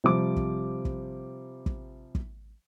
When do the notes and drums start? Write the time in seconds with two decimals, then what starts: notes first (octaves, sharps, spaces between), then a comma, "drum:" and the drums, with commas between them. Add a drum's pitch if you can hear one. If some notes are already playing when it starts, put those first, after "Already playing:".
0.04 C3 F3 G3 D6
0.36 drum: kick
0.85 drum: kick
1.66 drum: kick
2.15 drum: kick